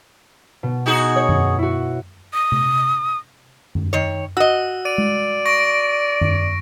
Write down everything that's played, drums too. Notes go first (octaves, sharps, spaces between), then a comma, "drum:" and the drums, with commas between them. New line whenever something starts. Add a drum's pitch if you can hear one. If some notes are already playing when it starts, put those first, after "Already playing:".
B2
D#4 F#4 G#4
C#5
drum: tom
E4 F#4
D#6
drum: tom C3
drum: tom
D#3 C#5
F#4 D#5 E6
D5 D#7
drum: tom G#3
C#6 A#6 D7
drum: tom